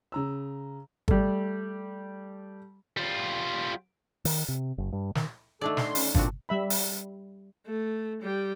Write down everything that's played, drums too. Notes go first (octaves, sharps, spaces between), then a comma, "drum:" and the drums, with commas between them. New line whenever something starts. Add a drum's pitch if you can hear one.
C#3 A#5 E6
G3 A3, drum: kick
G3 F4
D#3, drum: open hi-hat
C3
F#1
G2
D#3, drum: snare
D3 D#3 A3 D4 A4 D5
C6, drum: snare
C#4, drum: open hi-hat
A#2 F3 C4 D4 F#4, drum: kick
G3 E5 B5
drum: open hi-hat
A3
G3 G5